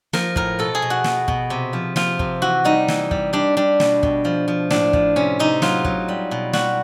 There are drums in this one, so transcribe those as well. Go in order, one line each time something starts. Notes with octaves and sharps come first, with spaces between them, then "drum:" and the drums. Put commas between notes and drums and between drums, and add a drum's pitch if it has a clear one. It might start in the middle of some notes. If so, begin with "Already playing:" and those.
F3 A#4, drum: snare
A2 A#4, drum: kick
B2 A4
G#4
B2
F#4
B2, drum: snare
B2, drum: kick
C3
F3
F3 F4, drum: snare
C3, drum: kick
E3 F#4
G3 D#4
E3, drum: snare
G3, drum: kick
G3 D4
G3 D4
B2, drum: snare
B2, drum: kick
F3
F3
A2 D4, drum: snare
F3, drum: kick
C3 C#4
C3 D#4
F#3 F4, drum: snare
F#3, drum: kick
G3
B2
G3 F#4, drum: snare